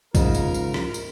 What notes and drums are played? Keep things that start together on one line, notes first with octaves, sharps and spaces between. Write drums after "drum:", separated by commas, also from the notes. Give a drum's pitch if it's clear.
G#2 C#3 F4 A#4, drum: kick B1, tambourine
drum: tambourine
drum: tambourine
drum: rim click
drum: tambourine